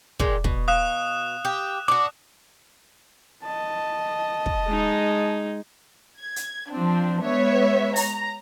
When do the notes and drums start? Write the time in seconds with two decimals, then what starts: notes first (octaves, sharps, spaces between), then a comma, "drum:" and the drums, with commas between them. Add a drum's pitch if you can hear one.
0.20 A#2 D#3 G#3, drum: kick
0.44 B2, drum: kick
0.68 F5 D#6 F#6 E7
1.45 G4
1.88 D4 F#4 D6
3.43 D#5 A5
4.46 drum: kick
4.67 G#3 D#4
6.20 G#6
6.36 drum: hi-hat
6.71 F3 C4 D4
7.22 G#3 B3 C#5 E5
7.96 A#5, drum: open hi-hat